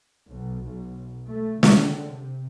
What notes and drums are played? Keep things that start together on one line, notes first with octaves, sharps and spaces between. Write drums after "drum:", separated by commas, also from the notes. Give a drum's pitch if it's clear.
B1
B1
A3
D3, drum: snare
C3